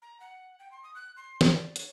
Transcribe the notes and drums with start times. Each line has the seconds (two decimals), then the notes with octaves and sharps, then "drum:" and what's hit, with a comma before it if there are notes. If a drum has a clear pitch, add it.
0.02 A#5
0.20 F#5
0.59 G5
0.71 C6
0.84 D#6
0.95 F#6
1.17 C6
1.41 D5, drum: snare
1.76 C#5, drum: hi-hat